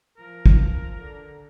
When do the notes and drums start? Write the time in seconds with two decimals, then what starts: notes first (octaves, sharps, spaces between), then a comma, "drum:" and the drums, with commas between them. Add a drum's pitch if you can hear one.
0.18 F3 A#4
0.46 drum: kick
0.99 D3